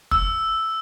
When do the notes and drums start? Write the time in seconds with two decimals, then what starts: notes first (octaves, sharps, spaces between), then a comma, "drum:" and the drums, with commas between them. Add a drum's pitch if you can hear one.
0.11 E6, drum: kick